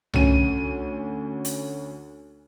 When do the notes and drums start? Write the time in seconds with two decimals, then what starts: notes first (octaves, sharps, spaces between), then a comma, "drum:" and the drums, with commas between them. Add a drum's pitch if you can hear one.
0.14 D2 C#4 D#7, drum: tom C2
1.45 drum: hi-hat